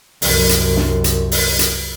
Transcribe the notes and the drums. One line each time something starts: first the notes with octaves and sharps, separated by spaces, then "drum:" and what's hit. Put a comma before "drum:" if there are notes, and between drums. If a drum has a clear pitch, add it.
C2 F#2, drum: open hi-hat
drum: hi-hat
drum: snare
drum: hi-hat
drum: open hi-hat
drum: hi-hat